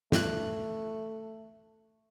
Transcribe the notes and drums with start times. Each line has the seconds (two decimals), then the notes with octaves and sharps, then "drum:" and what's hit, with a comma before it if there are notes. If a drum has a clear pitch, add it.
0.12 G2 A3 F#6, drum: snare